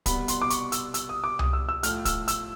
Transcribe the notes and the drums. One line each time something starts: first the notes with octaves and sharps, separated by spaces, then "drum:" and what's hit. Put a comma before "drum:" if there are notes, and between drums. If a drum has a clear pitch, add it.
C2 B2 G3 B3 B5, drum: kick, hi-hat
C6, drum: hi-hat
D6
C#6, drum: hi-hat
E6, drum: hi-hat
E6, drum: hi-hat
D#6
D6
D#6, drum: tom C2
E6
E6
A2 F3 A3 F6, drum: hi-hat
E6, drum: kick, hi-hat
E6, drum: hi-hat